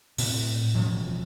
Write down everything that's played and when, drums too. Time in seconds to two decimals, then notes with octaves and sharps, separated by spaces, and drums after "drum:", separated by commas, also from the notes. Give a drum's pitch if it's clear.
0.18 A2 C4, drum: open hi-hat
0.75 E1 D2 F3 C#4